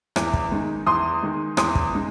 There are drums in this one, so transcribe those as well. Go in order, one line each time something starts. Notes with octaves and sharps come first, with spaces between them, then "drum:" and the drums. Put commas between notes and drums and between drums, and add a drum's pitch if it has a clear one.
E2, drum: rim click
drum: kick
D#3 G#3 D#4
E2 C6 D#6
D#3 G#3 D#4
E2 C6 D#6, drum: rim click
drum: kick
G#3 D#4